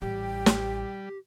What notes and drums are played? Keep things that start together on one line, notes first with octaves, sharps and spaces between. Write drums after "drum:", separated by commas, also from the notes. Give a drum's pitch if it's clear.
A1 G3 G4 G5
drum: snare